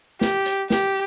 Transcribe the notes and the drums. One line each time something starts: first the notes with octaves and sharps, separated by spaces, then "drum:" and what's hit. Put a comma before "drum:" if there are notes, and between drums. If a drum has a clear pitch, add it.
G4, drum: snare
drum: hi-hat
G4, drum: snare